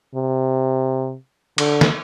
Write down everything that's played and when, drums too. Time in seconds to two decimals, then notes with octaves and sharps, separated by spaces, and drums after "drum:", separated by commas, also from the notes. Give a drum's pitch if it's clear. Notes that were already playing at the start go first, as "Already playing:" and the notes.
0.15 C3
1.58 D3, drum: cymbal
1.81 drum: snare